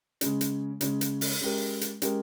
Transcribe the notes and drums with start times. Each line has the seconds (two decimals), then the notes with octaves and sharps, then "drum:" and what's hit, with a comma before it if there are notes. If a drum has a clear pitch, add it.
0.21 C#3 G#3 C#4, drum: hi-hat
0.41 drum: hi-hat
0.81 C#3 G#3 C#4, drum: hi-hat
1.01 drum: hi-hat
1.21 drum: open hi-hat
1.41 G#3 C#4 G4 A#4
1.81 drum: hi-hat
2.02 G#3 C#4 G4 A#4, drum: hi-hat